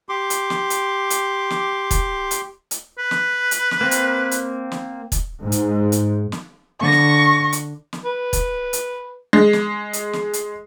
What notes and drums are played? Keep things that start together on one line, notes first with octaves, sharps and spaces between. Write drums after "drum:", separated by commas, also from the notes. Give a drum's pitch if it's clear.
G4 C6 D6
drum: hi-hat
drum: snare
drum: hi-hat
drum: hi-hat
drum: snare
drum: kick, hi-hat
drum: hi-hat
drum: hi-hat
B4
drum: snare
drum: hi-hat
drum: snare
A#3 C4
drum: hi-hat
drum: hi-hat
drum: snare
drum: kick, hi-hat
G#2
drum: hi-hat
drum: hi-hat
drum: snare
D3 C#6 A#6
drum: snare
drum: hi-hat
drum: snare
B4
drum: kick, hi-hat
drum: hi-hat
G#3
drum: snare
drum: hi-hat
drum: snare
drum: hi-hat